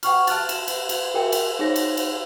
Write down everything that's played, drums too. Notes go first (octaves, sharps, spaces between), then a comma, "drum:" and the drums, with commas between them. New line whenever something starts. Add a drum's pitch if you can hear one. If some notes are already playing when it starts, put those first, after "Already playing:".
F#5 G5 C#6 F6, drum: cymbal
A5 F6 F#6 A6, drum: cymbal
E7, drum: cymbal
drum: cymbal
drum: cymbal
F#4 G#4 A#4 E5 G5 G#5
drum: cymbal
D#4 G#4 C5 C#5 A#6
drum: cymbal
drum: cymbal